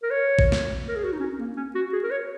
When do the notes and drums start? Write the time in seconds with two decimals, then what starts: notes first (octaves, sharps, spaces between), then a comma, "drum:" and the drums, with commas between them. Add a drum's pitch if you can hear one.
0.03 A#4
0.11 C#5
0.39 drum: kick A1
0.52 drum: snare
0.88 A#4
0.96 G#4
1.04 F#4
1.12 D#4
1.20 C#4
1.32 C#4
1.39 A#3
1.57 C#4
1.75 F#4
1.93 G#4
2.03 A#4
2.11 C#5